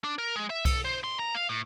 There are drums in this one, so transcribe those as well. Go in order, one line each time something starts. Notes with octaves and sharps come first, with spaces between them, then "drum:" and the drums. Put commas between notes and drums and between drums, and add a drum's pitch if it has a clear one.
D4
A#4
G#3
E5
A4, drum: kick C2, cymbal
C5
C6
A#5
F5
A2